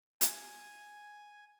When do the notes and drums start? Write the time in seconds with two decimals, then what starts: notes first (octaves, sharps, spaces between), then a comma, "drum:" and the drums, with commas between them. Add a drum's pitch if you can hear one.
0.21 G#5, drum: hi-hat